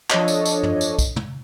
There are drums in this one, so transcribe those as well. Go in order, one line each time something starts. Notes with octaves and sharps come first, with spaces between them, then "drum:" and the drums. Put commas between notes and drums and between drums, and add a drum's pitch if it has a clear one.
F3 D4 A4 C#5 D#5, drum: clap
drum: tambourine
drum: tambourine
drum: tom
drum: tambourine
drum: kick, tambourine
drum: tom